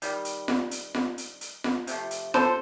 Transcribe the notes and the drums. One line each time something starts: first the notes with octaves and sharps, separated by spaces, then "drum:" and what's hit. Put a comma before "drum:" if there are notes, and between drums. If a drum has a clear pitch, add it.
D#3 G3, drum: hi-hat
drum: hi-hat
drum: snare F4
drum: hi-hat
drum: snare F4
drum: hi-hat
drum: hi-hat
drum: snare F4
C3 F3 A3, drum: hi-hat
drum: hi-hat
A4 C5, drum: snare F4